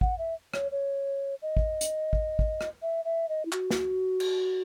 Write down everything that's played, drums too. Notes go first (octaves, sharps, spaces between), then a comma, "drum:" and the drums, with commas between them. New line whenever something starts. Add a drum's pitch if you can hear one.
F#5, drum: kick
E5
C#5, drum: rim click
C#5
D#5
drum: kick
drum: hi-hat
drum: kick
drum: kick
drum: rim click
E5
E5
D#5
E4
F#4, drum: clap
drum: snare
drum: cymbal